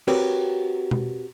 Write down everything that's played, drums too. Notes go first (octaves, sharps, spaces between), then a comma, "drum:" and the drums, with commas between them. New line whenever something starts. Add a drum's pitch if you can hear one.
C4 F#4 G4 A#4 B4 C#5, drum: cymbal
drum: tom B2